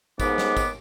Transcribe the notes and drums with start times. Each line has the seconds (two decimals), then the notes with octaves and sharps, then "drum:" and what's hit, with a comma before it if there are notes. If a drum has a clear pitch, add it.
0.20 D#2 G#2 B3 D6, drum: kick, tambourine
0.38 drum: snare
0.57 drum: kick, tambourine